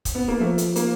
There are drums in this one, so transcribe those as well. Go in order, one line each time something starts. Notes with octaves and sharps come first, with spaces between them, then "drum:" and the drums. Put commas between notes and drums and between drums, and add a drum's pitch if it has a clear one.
drum: kick, hi-hat
B3
A#3
F3 A3
drum: hi-hat
A#3, drum: hi-hat